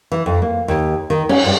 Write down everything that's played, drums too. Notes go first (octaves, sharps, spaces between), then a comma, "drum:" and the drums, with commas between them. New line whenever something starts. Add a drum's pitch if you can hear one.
E3
F2
A#3
D#2
D#3
C#4, drum: cymbal
G2